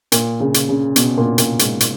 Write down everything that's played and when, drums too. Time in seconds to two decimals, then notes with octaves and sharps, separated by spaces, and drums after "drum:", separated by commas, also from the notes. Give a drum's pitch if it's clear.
0.12 A#2, drum: hi-hat
0.40 C#3
0.54 drum: hi-hat
0.69 C#3
0.96 B2, drum: hi-hat
1.17 A#2
1.38 A#2, drum: hi-hat
1.59 G#2, drum: hi-hat
1.80 drum: hi-hat